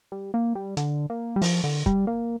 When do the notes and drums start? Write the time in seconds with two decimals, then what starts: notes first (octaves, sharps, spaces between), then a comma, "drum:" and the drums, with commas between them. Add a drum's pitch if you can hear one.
0.12 G3
0.34 A#3
0.55 G3
0.77 D3, drum: hi-hat
1.10 A#3
1.36 G3
1.42 F3, drum: open hi-hat
1.64 D3
1.86 G3, drum: kick
2.07 A#3